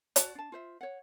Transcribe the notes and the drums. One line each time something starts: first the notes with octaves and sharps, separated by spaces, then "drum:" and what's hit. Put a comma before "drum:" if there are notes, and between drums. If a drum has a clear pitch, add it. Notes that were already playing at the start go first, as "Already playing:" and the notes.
F#4 D5 A5, drum: hi-hat
D4 A5
F4 C5 E5
C#5 F#5